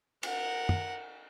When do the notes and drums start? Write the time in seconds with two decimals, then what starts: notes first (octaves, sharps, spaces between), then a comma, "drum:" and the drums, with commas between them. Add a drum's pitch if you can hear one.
0.23 A#4 F#5, drum: cymbal
0.69 drum: tom